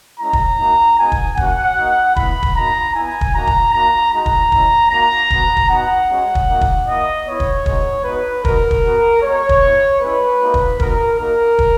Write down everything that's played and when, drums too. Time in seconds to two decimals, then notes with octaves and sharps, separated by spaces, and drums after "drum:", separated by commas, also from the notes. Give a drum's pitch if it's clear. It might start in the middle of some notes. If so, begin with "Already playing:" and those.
0.20 G#3 C#4 E4 A#5
0.33 drum: kick
0.60 A#3 D#4 F#4
0.99 G#3 B3 D#4 F#4 G#5
1.12 drum: kick
1.37 A#3 C#4 F#4 F#5, drum: kick
1.77 A#3 D#4 F#4
2.16 B3 E4 B5, drum: kick
2.43 drum: kick
2.55 A#3 D#4 F#4 A#5
2.94 B3 E4 G#5
3.21 drum: kick
3.34 A#3 D#4 F#4 A#5
3.47 drum: kick
3.74 A#3 D#4 F#4 A#5
4.12 G#3 D#4 F#4 A#5
4.26 drum: kick
4.52 G#3 C#4 E4, drum: kick
4.91 A#3 D#4 F#4 A#5
5.30 B3 F#4, drum: kick
5.57 drum: kick
5.70 B3 D#4 F#4 F#5
6.09 G#3 C#4 F#4
6.35 drum: kick
6.49 A#3 D#4 F#4
6.61 drum: kick
6.88 A#3 E4 D#5
7.27 B3 E4 C#5
7.40 drum: kick
7.66 G#3 B3 D#4 F#4, drum: kick
8.05 B3 D#4 F#4 B4
8.45 B3 D#4 F#4 A#4, drum: kick
8.71 drum: kick
8.84 B3 F#4
9.23 G#3 B3 F#4 C#5
9.49 drum: kick
9.62 B3
9.67 E4
10.01 G#3 C#4 E4 B4
10.40 A#3 D#4 F#4
10.54 drum: kick
10.80 B3 D#4 F#4 A#4, drum: kick
11.20 A#3 D#4 F#4 A#4
11.59 drum: kick